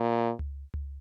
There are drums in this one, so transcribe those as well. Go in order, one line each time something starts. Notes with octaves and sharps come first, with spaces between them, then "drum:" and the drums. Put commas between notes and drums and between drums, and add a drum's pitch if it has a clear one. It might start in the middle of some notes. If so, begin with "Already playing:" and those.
Already playing: A#2
drum: tom C#2
drum: tom C#2